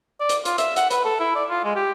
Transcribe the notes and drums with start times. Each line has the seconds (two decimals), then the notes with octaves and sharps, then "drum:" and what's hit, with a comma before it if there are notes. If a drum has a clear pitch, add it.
0.20 D5
0.29 drum: hi-hat
0.45 F4, drum: hi-hat
0.58 E5, drum: hi-hat
0.76 F#5, drum: hi-hat
0.90 B4, drum: hi-hat
1.04 A4
1.20 E4
1.35 D5
1.49 F4
1.64 G#3
1.76 G4